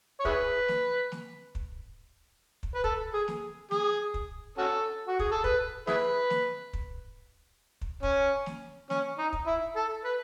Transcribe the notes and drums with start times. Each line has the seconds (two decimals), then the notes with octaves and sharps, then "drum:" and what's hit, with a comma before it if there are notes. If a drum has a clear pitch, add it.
0.20 C#5
0.25 E4 G#4 B4, drum: kick
0.68 drum: snare
1.12 drum: snare
1.55 drum: kick
2.63 drum: kick
2.75 B4
2.84 A4, drum: kick
3.14 G#4
3.28 drum: snare
3.71 G#4, drum: snare
4.14 drum: kick
4.58 C#4 F#4 A4
5.07 F#4
5.19 G#4, drum: kick
5.31 A4
5.44 B4, drum: kick
5.87 E4 G#4 B4, drum: snare
6.30 drum: snare
6.73 drum: kick
7.81 drum: kick
8.03 C#4, drum: kick
8.46 drum: snare
8.90 C#4, drum: snare
9.18 D#4
9.33 drum: kick
9.47 E4
9.76 A4
10.04 B4